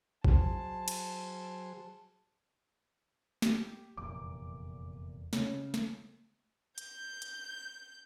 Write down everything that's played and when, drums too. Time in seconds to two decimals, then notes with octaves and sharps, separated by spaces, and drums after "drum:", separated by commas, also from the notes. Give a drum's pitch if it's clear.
0.25 F#3 G#4 C5 A5, drum: kick A1
0.88 drum: cymbal
3.42 G4, drum: snare
3.97 F1 E2 A#2 D6
5.33 C#3, drum: snare
5.74 drum: snare
6.78 G6, drum: hi-hat
7.22 drum: hi-hat